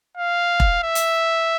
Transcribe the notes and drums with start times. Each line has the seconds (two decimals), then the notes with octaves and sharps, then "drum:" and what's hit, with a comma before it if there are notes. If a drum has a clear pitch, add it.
0.17 F5
0.60 drum: kick E1
0.84 E5
0.95 drum: hi-hat